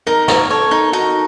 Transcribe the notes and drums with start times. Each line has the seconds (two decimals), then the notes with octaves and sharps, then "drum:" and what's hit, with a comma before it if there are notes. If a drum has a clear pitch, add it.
0.07 D#4 A#4
0.28 C#5, drum: snare
0.50 A4 C#5
0.71 D#4
0.92 D#4 F#4